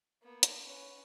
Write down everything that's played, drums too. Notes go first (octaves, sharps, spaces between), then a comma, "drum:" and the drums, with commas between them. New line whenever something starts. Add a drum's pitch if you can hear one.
A#3 B3
drum: hi-hat
C#4 B4